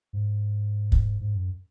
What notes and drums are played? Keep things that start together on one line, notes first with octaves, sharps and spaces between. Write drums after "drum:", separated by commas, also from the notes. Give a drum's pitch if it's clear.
G#2
drum: kick
G#2
F#2